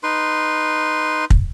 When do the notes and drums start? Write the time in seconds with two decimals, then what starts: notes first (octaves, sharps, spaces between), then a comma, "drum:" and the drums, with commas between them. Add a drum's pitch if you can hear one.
0.03 D#4 B4 C6
1.30 drum: kick